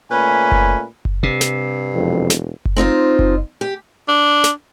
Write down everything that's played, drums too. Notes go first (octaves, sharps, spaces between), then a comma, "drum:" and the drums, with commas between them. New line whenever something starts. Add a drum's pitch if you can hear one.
A#2 A3 C#4 B4 G#5 B5
drum: kick F#1
drum: kick F#1
G2 C3
drum: snare
E1 F2
drum: snare
drum: kick F#1
C4 D#4 F4 C5
drum: kick F#1
G4
D4
drum: snare